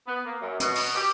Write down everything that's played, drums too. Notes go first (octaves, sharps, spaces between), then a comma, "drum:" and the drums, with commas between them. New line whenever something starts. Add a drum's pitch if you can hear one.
B3
A#3
F#2
B2, drum: hi-hat
drum: open hi-hat
G4